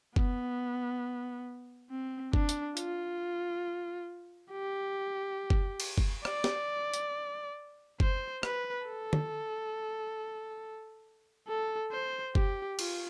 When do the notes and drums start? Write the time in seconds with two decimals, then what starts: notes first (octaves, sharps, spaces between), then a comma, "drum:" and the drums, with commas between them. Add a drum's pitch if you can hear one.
0.16 B3, drum: kick F#1
1.90 C4
2.33 D4, drum: kick F#1
2.49 drum: hi-hat
2.77 F4, drum: hi-hat
4.52 G4
5.50 drum: kick F#1
5.80 drum: cymbal
5.98 drum: kick F#1
6.25 D5, drum: rim click
6.44 drum: snare
6.94 drum: hi-hat
8.00 C5, drum: kick F#1
8.43 B4, drum: rim click
8.87 A4
9.13 drum: tom
11.48 A4
11.92 C5
12.35 G4, drum: kick F#1
12.79 F4, drum: cymbal